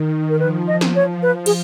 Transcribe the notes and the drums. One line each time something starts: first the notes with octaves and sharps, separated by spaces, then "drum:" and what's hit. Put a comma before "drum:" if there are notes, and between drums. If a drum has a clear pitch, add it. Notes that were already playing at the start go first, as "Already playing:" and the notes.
Already playing: D#3
A#4
F3 B4
D#5
drum: snare
C#5
F3 B4
G#4, drum: cymbal